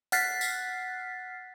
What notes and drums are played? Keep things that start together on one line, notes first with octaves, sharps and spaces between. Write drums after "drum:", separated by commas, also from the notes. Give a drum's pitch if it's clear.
F#5 F6 F#6 A6 B6 C7, drum: hi-hat
drum: tambourine